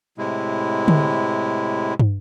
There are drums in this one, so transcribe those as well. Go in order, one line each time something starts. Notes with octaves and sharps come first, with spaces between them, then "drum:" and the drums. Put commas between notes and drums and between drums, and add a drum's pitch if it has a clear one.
A2 C3 G#3 E4
drum: tom D3
drum: tom